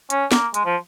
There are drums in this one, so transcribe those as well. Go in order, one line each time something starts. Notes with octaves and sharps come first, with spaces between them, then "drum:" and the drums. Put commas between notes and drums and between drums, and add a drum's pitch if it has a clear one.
C#4, drum: hi-hat
A#3, drum: snare
G#3, drum: hi-hat
F3